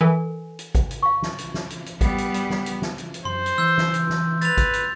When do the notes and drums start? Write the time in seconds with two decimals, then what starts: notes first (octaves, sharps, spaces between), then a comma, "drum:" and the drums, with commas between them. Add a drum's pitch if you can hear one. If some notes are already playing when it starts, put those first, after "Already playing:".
0.01 E3 A4 A#4 G#5
0.59 drum: hi-hat
0.75 drum: kick G#1, hi-hat
0.91 drum: hi-hat
1.03 F5 C#6
1.22 drum: snare
1.38 drum: hi-hat
1.54 drum: snare
1.70 drum: hi-hat
1.86 drum: hi-hat
2.01 G3 B3, drum: kick G#1, hi-hat
2.18 drum: hi-hat
2.34 drum: hi-hat
2.50 drum: snare
2.66 drum: hi-hat
2.82 drum: snare
2.98 drum: hi-hat
3.14 drum: hi-hat
3.25 F#2 C5 C6
3.46 drum: hi-hat
3.58 E3 E6 G6
3.78 drum: snare
3.94 drum: hi-hat
4.10 drum: snare
4.41 B4 A6 F7, drum: hi-hat
4.57 drum: kick G#1, hi-hat
4.73 drum: hi-hat